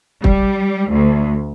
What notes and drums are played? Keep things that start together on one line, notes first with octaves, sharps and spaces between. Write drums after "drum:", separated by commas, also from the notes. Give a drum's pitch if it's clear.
G3, drum: kick
D2